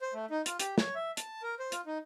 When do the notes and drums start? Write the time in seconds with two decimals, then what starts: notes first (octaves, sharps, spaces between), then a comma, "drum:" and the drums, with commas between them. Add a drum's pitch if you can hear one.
0.02 C5
0.14 A3
0.30 D#4
0.46 F4, drum: hi-hat
0.60 G4, drum: hi-hat
0.78 C#5, drum: snare
0.95 E5
1.17 A5, drum: hi-hat
1.43 A#4
1.59 C5
1.72 F4, drum: hi-hat
1.86 D#4